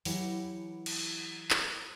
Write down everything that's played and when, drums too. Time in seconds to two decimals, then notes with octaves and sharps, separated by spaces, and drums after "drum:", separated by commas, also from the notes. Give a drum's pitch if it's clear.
0.05 E3 F#3 E4 G4 F#5 G#5, drum: open hi-hat
0.86 drum: cymbal
1.50 drum: clap